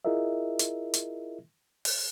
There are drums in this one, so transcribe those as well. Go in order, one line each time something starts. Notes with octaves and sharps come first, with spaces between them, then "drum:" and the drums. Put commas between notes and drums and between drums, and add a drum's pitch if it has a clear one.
E4 F4 G#4 A#4 D#5 E5
drum: hi-hat
drum: hi-hat
drum: open hi-hat